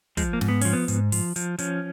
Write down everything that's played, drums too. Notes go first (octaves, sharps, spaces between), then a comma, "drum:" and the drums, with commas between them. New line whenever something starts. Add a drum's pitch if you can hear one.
F3 G#3, drum: kick, hi-hat
A#3
G#2, drum: snare
B3
F3 C#4, drum: open hi-hat
B3
G#2, drum: hi-hat
F3, drum: open hi-hat
F3, drum: hi-hat
F3 C#4, drum: hi-hat